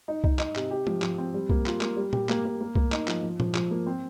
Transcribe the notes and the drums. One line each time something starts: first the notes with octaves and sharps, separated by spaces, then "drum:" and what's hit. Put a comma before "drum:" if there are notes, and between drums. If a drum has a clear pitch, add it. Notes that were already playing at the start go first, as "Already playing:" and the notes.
D#4
D#4, drum: kick C2
D#4, drum: clap
C3, drum: clap
G4
F3, drum: tom
F3, drum: clap
C4
G3
A#3, drum: kick C2
F4, drum: clap
A#3, drum: clap
G3
G4, drum: tom A#2
A#3, drum: clap
A#3
A#3
A#3, drum: kick C2
D#4, drum: clap
F3, drum: clap
F3
F3, drum: tom A#2
F3, drum: clap
A#3
C4